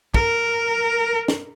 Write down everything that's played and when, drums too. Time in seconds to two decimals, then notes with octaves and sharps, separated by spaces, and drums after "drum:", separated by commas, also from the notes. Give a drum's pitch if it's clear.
0.14 A#4, drum: kick
1.28 drum: snare